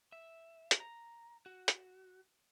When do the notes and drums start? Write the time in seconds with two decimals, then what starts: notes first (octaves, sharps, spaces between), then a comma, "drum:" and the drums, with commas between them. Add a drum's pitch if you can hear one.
0.12 E5
0.71 drum: hi-hat
0.80 A#5
1.46 F#4
1.68 drum: hi-hat